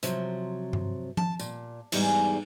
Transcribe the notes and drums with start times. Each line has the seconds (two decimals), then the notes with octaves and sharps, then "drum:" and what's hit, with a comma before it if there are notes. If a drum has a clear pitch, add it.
0.03 C3 F3 F#3, drum: hi-hat
0.73 drum: tom G2
1.17 A5, drum: tom F3
1.39 A#2, drum: tambourine
1.92 E2 G#2 G3 D#4 G#4 G#5, drum: cymbal